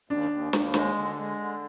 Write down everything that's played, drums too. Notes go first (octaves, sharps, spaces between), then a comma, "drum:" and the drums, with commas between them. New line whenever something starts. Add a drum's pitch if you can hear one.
D#2 D4
D#2
D#2, drum: snare
G#3, drum: snare
D3
G#3
D3